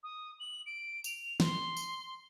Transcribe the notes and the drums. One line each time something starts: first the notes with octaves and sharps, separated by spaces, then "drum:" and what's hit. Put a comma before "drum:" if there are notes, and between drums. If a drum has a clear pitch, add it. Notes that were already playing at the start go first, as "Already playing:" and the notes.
D#6
F#7
D7
F7, drum: tambourine
C6, drum: snare
drum: tambourine